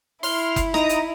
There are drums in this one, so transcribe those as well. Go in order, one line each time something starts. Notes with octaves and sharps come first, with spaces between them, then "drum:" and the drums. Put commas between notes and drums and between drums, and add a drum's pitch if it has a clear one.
E4 C6 F6, drum: open hi-hat
drum: kick F#1, hi-hat
D#4 A#5 D#6, drum: rim click
drum: hi-hat